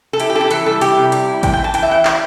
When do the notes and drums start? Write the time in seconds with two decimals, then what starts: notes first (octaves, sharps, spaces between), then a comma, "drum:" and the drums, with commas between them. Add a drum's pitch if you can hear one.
0.13 A4
0.20 E4 G4, drum: hi-hat
0.30 G4
0.35 E4 A4
0.41 G4
0.51 E3 A4, drum: hi-hat
0.66 G3 A4
0.81 E4 G4, drum: hi-hat
0.97 C3
1.12 G3, drum: hi-hat
1.27 E4
1.43 C3 G5, drum: kick G#1, hi-hat
1.53 E3 G5
1.64 A5
1.74 E3 G5, drum: hi-hat
1.83 E5
1.89 E3 G5
2.05 E4, drum: clap